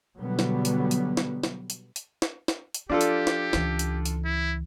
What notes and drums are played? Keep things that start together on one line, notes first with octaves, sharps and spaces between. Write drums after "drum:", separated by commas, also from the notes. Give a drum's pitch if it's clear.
B2 D3 F#3 G3 B3
drum: snare
drum: hi-hat
drum: hi-hat
drum: snare
drum: snare
drum: hi-hat
drum: hi-hat
drum: snare
drum: snare
drum: hi-hat
F3 D4 F4 G4 A4
drum: hi-hat
drum: snare
C#2 E3, drum: snare
drum: hi-hat
drum: hi-hat
E4